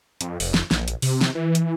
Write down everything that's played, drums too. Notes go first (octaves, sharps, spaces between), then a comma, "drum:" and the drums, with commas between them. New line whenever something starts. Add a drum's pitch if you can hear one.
F2, drum: hi-hat
F1, drum: open hi-hat
drum: snare
A#1, drum: snare
drum: hi-hat
C3, drum: open hi-hat
drum: snare
E3
drum: hi-hat